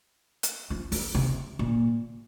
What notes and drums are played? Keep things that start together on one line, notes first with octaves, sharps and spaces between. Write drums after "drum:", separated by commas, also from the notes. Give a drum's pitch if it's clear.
drum: hi-hat
F3
F#3, drum: open hi-hat
C3
A#2